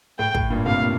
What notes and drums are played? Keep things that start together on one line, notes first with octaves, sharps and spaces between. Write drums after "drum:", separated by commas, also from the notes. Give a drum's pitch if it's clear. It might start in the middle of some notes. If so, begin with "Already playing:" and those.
A2 G5
A2, drum: kick
G2 A#2
A2 C3 F5
A#2